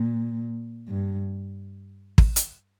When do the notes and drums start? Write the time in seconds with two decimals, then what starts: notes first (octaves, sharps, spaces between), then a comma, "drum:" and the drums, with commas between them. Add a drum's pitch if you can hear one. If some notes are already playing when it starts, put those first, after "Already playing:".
Already playing: A#2
0.88 G2
2.18 drum: kick
2.36 drum: hi-hat